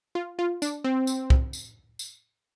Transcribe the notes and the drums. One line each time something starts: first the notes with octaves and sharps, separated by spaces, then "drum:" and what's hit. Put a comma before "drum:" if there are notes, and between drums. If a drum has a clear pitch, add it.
F4
F4
D4, drum: tambourine
C4
drum: tambourine
drum: kick
drum: tambourine
drum: tambourine